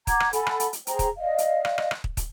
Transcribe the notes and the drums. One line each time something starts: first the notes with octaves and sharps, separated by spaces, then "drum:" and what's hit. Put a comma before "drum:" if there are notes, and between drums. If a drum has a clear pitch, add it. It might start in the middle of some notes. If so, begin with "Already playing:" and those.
F#5 A#5 D6 G#6, drum: kick, hi-hat
drum: rim click
A4 F#5 G#5 B5, drum: hi-hat
drum: rim click
drum: hi-hat
drum: hi-hat
G#4 C5 G5 A#5, drum: hi-hat
drum: kick, hi-hat
D5 D#5 F5
drum: hi-hat
drum: rim click
drum: rim click
drum: rim click
drum: kick
drum: kick, hi-hat